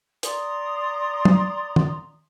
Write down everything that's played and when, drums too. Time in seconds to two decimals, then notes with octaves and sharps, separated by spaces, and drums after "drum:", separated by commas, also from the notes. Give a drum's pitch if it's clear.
0.23 D5 A#5 C6 D#6, drum: hi-hat
1.25 drum: tom
1.76 drum: tom